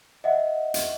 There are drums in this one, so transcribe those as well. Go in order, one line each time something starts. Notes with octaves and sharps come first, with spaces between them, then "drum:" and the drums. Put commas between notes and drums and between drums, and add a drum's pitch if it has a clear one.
D#5 E5 F#5
drum: hi-hat